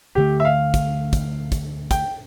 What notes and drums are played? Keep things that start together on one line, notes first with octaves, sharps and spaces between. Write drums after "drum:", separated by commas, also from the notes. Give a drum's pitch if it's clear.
D2 D3 A3 G4
E5
F5
drum: kick, hi-hat
drum: kick, hi-hat
drum: kick, hi-hat
G5, drum: kick, hi-hat